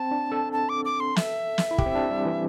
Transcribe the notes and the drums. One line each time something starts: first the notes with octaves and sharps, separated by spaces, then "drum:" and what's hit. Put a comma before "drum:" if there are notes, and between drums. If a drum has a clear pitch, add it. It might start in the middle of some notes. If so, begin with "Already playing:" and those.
Already playing: C4 A5
D4
A4
A5
D6
D6
C6
E5, drum: snare
drum: snare
E4
G4, drum: kick
C4
D4
G3
E3